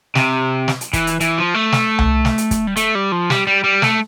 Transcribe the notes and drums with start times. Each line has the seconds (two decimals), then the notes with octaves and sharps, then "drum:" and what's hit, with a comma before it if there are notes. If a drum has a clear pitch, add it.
0.15 C3, drum: snare
0.68 drum: snare
0.81 drum: hi-hat
0.93 E3, drum: kick, hi-hat
1.07 drum: hi-hat
1.20 E3, drum: hi-hat
1.38 F3
1.54 A3
1.72 drum: snare
1.99 drum: tom C2
2.25 drum: snare
2.38 drum: hi-hat
2.51 drum: kick, hi-hat
2.67 G3
2.76 A3, drum: hi-hat
2.95 G3
3.12 F3
3.30 G3, drum: snare
3.47 G3
3.64 G3
3.82 A3, drum: snare